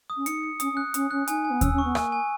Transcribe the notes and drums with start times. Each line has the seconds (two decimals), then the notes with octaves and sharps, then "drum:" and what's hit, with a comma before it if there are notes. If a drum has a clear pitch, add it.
0.10 D#6
0.16 C#4
0.26 D#4 C#7, drum: hi-hat
0.43 C#7
0.60 C#4 D#6, drum: hi-hat
0.72 C#4
0.77 F#6
0.94 C#4 D#6, drum: hi-hat
1.11 C#4 F#6
1.28 D#4 G#5, drum: hi-hat
1.45 G#5
1.50 B3
1.61 C#4 E6, drum: kick D#2, hi-hat
1.72 C#4
1.78 C#6
1.84 B3
1.95 A#3 G#5, drum: rim click
2.12 G#5